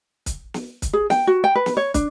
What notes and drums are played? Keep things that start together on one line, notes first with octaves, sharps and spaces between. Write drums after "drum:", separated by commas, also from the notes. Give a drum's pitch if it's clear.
drum: kick, hi-hat
drum: snare
drum: kick, hi-hat
G#4
G5, drum: snare
F#4
G5
B4
drum: snare
C#5
D4, drum: kick, hi-hat